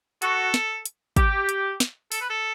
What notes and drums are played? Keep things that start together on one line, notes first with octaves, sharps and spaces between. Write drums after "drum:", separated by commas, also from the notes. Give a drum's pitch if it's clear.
F#4 A4, drum: hi-hat
drum: snare
drum: hi-hat
G4, drum: kick G#1, hi-hat
drum: hi-hat
drum: snare
A4, drum: open hi-hat
B4
A4